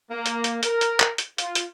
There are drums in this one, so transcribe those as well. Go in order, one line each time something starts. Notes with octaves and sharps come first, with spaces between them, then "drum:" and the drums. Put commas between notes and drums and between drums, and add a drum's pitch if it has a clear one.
A#3
drum: hi-hat
drum: hi-hat
A#4, drum: hi-hat
drum: hi-hat
drum: clap
drum: hi-hat
F4, drum: hi-hat
drum: hi-hat